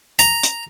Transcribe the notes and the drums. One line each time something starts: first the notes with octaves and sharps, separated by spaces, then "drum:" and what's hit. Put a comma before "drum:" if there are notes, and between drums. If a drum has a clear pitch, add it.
A#5, drum: hi-hat
drum: hi-hat